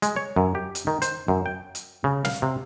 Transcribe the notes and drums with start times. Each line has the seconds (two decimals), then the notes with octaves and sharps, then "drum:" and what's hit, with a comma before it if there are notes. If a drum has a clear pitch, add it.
0.02 G#3, drum: hi-hat
0.16 C#5
0.36 F#2
0.55 G4
0.75 drum: hi-hat
0.87 D#3
1.02 C5, drum: hi-hat
1.28 F#2
1.46 G5
1.75 drum: hi-hat
2.04 C#3
2.25 F5, drum: snare
2.42 C3